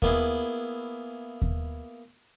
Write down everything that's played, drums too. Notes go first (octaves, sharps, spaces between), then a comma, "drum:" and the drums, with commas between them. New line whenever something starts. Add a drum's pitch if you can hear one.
A#3 B3 E4 G#4, drum: kick D#2
drum: kick D#2